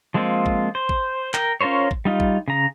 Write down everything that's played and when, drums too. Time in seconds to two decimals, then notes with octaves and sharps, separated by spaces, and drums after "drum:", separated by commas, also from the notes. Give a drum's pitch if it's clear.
0.14 F3 G#3 A#3 C4 F4
0.46 drum: kick
0.75 C5
0.89 drum: kick
1.34 A#4 G5, drum: clap
1.61 C#4 F4 A#4 C5 C#5
1.91 drum: kick
2.05 G3 D#4 F4
2.20 drum: kick
2.48 C#3 A#5